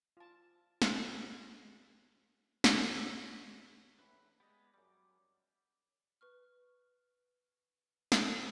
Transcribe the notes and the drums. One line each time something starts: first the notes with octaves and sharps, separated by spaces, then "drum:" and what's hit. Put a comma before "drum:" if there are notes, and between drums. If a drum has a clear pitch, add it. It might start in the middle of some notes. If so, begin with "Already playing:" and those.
F4 A5
drum: snare
drum: snare
G#2 C3
E2 A2 B4 E5 B5
G#3 B3 G4 D5 D#5
F#2 G3 D6
B4 C#6 F6
drum: snare